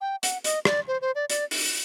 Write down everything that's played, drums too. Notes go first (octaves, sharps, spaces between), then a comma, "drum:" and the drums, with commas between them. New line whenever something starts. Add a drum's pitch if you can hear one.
G5
F#5, drum: hi-hat
D#5, drum: hi-hat
D5, drum: rim click
C5
C5
D5
D5, drum: hi-hat
drum: open hi-hat